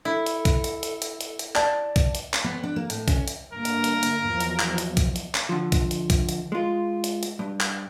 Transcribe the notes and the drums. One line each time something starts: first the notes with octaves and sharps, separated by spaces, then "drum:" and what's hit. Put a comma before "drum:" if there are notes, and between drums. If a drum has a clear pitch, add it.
E4 A4
drum: hi-hat
drum: kick, hi-hat
drum: hi-hat
drum: hi-hat
drum: hi-hat
drum: hi-hat
drum: hi-hat
D5 A5, drum: clap
drum: kick, hi-hat
drum: hi-hat
drum: clap
B3
D4
A#3
A2, drum: hi-hat
C#4, drum: kick, hi-hat
drum: hi-hat
G2 D3 A#3 A#4
drum: hi-hat
drum: hi-hat
drum: hi-hat
E2 F3 F#3
drum: hi-hat
drum: clap
drum: hi-hat
drum: kick, hi-hat
drum: hi-hat
drum: clap
D3 F3
drum: kick, hi-hat
drum: hi-hat
drum: kick, hi-hat
drum: hi-hat
G#3 F4
drum: hi-hat
drum: hi-hat
G2
drum: clap